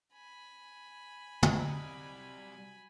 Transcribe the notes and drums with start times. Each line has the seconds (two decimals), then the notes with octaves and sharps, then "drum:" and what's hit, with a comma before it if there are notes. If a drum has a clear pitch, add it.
0.14 G#5 B5
1.43 C3 F#3 G3 F#4 D#5, drum: tom